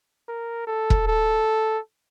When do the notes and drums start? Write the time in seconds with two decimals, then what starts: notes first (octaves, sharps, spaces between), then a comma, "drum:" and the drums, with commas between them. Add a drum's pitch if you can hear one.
0.28 A#4
0.67 A4
0.90 drum: kick E1
1.07 A4